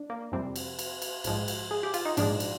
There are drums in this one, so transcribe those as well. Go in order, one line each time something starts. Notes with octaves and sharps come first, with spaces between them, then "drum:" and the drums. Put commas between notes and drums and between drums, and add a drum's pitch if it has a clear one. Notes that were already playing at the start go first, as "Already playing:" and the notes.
Already playing: D4
A#3
F2 C3 G3 C4
drum: cymbal
drum: cymbal
drum: cymbal
A#1 G#2 F3 G#3, drum: cymbal
drum: cymbal
G#4
G4
F4, drum: cymbal
D#4
A#1 G#2 F3 G#3 D4, drum: cymbal
drum: cymbal